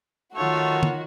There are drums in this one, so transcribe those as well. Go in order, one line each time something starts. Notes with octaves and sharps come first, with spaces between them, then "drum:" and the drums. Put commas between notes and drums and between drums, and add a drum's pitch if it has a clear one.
D#3 A3 F4 F#4 C#5
drum: tom